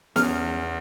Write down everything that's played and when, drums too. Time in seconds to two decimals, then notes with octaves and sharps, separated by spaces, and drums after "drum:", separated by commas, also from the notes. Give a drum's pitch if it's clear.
0.16 E2 B3 C#4 F6, drum: snare